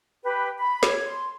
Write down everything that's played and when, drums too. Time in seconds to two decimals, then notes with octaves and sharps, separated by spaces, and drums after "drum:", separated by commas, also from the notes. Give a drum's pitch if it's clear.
0.23 G4 B4
0.58 B5
0.83 C#5, drum: snare
1.06 C6